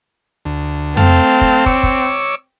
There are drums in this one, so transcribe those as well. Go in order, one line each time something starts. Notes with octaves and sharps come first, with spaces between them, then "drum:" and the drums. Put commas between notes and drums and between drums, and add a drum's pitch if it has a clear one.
D2
A3 C4 A4 F5, drum: tom F2
drum: kick
C#5 D6 E6, drum: kick
drum: kick